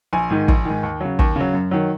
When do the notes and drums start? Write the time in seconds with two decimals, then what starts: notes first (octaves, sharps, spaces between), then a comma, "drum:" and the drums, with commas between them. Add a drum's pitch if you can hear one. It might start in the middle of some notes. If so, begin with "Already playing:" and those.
0.13 A#1 G#5
0.30 G#2 D#3
0.48 A#1, drum: kick
0.65 G#2 D#3
0.83 D#2
1.01 C#3 F#3
1.19 D#2, drum: kick
1.36 C#3 F#3
1.54 F#2
1.71 D#3 F#3